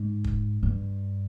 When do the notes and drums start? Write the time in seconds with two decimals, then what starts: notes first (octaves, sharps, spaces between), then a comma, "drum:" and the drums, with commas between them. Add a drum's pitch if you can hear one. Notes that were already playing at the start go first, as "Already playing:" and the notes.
Already playing: G#2
0.24 drum: kick
0.63 G2